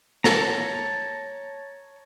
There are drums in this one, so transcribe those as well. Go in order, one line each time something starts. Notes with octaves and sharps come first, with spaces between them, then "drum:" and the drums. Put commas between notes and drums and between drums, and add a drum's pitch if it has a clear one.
C#5 A5 A#5, drum: snare